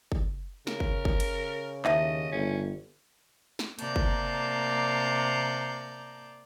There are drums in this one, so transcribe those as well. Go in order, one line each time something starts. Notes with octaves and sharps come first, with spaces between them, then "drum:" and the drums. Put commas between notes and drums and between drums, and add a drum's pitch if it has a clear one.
drum: kick
C#3 A#4, drum: snare
drum: kick
drum: kick
drum: cymbal
D#2 D#4 E4 D#5 E5, drum: clap
G1 C#4
drum: snare
C3 A#3 D5 A5 A#5 G6, drum: hi-hat
drum: kick